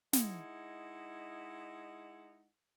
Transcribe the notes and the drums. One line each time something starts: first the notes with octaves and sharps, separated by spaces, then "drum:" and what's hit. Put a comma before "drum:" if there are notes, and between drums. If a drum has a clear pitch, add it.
G#3 D#4 E4 F#5, drum: snare